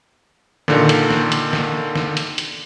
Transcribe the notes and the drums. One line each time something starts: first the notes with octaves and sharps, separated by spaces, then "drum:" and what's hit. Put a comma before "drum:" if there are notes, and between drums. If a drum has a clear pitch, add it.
A#2 D3 D#3, drum: snare
drum: hi-hat
drum: snare
drum: hi-hat
drum: snare
drum: snare
drum: hi-hat
drum: hi-hat